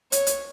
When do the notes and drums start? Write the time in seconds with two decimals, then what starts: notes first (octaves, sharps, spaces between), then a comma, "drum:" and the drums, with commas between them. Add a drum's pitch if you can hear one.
0.12 C#5, drum: hi-hat
0.27 drum: hi-hat